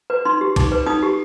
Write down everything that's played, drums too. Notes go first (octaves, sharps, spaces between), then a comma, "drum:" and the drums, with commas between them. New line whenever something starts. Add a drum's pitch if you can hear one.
B4
D#4 C6
G4
D#4 D6, drum: kick, cymbal
B4
D#4 D#6
G4